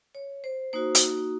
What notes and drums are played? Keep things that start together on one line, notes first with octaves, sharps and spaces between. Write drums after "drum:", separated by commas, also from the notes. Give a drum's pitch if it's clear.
C#5
C5
A#3 D#4 F#4 C5
drum: hi-hat